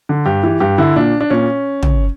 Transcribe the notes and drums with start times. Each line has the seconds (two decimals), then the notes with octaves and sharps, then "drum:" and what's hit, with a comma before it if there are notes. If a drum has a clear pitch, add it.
0.09 D3
0.26 G2 G4
0.44 E3
0.60 G2 G4
0.78 D3 E4
0.96 A#2 D4
1.21 D4
1.30 A#2 C#4
1.83 drum: tom